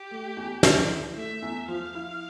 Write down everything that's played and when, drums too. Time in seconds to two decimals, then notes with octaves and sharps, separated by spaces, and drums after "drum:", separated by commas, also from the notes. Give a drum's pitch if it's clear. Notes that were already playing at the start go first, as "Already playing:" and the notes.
Already playing: G4
0.11 A3
0.37 E2
0.63 D3, drum: snare
0.89 E4
1.16 A3 E5
1.42 E2
1.68 F3 F5
1.95 E4